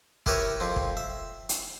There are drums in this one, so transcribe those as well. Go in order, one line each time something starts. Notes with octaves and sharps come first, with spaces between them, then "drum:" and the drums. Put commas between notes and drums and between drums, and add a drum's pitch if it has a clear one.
E4 G4 A#4 B4 C#5 E5, drum: kick
F2 C4
drum: kick
E5
drum: hi-hat